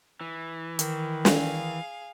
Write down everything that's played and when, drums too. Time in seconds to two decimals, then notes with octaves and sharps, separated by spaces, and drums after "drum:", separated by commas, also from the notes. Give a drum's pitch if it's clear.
0.21 E3
0.79 D#3, drum: hi-hat
1.25 G#4 F5, drum: snare